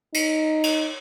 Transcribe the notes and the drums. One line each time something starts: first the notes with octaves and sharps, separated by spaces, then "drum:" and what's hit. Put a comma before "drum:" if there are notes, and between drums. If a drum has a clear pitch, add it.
D#4, drum: cymbal
drum: cymbal